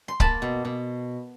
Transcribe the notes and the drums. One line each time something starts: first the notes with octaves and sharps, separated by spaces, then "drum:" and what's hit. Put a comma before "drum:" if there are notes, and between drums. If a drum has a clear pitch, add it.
C6
A#3 A5 B5, drum: kick C#1
B2
B2